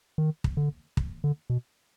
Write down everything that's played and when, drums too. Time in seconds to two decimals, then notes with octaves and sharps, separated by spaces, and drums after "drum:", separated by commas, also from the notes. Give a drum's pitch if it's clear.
0.18 D#3
0.44 drum: kick
0.57 D3
0.97 drum: kick
1.24 D3
1.50 B2